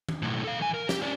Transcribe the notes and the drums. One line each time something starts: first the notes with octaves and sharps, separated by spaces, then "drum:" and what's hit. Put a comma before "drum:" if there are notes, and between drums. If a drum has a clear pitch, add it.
drum: tom D#3
B1 A2
A4 F5
E3 G#5
A#4
G4, drum: snare
C#4 D5